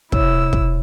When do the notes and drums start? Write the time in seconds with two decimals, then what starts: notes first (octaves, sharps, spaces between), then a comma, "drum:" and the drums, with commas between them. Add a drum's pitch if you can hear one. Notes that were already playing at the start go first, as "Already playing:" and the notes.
0.12 C3 E4 C#5 E6, drum: kick
0.53 drum: kick